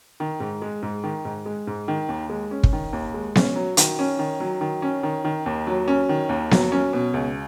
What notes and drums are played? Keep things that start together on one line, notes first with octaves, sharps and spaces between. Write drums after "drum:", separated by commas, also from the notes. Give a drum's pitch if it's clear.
D#3
G#2
G#3
G#2
D#3
G#2
G#3
G#2
D#3
D#2
G#3
C#4
drum: kick
D#3
D#2
G#3
C#4, drum: snare B3
F#3
D#3, drum: hi-hat
C#4
D#3
F#3
D#3
C#4
D#3
D#3
D#2
F#3
C#4
D#3
D#2
F#3, drum: snare B3
C#4
B2
C#2